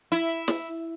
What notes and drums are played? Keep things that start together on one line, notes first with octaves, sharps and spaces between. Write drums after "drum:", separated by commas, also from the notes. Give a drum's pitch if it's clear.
E4
drum: snare